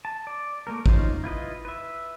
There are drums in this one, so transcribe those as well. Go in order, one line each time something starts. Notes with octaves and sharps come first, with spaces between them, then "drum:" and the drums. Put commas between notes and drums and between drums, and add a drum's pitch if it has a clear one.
A5
D5
A3 A#3 A#4
C#4 D#4 F4 C5, drum: kick
E4 F4 B4 D#5
B4 E5